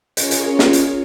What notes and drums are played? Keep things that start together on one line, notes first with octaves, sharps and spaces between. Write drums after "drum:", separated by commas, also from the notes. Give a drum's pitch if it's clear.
C#4 F4 G#4 A#4 C#5, drum: hi-hat
drum: hi-hat
drum: snare
drum: hi-hat